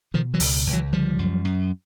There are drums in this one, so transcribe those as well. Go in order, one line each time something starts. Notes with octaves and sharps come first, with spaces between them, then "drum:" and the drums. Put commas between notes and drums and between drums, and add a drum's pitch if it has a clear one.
B2 D#3 F3
E3 F#3
C#2, drum: open hi-hat
C#2
E3 F#3
D3 F3 G3
F#2
F#2